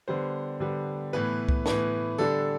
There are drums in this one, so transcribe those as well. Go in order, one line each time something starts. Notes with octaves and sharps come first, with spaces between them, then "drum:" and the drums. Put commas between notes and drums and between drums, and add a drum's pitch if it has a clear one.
D3 G3 B3 C5
D3 G3 B3
A2 E3 B3 B4
drum: kick C2
A2 E3 B3, drum: snare
D3 G3 D4 A4